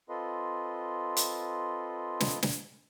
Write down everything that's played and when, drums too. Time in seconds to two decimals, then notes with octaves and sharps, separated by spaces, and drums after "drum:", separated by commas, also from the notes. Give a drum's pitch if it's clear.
0.09 C4 F4 A4 B4 D#5 C6
1.17 drum: hi-hat
2.20 drum: snare
2.43 drum: snare